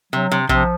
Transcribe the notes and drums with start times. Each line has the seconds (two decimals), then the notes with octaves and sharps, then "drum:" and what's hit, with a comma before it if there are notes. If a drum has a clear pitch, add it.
0.13 C3 F#3
0.32 C3
0.49 C3 F3, drum: kick A#1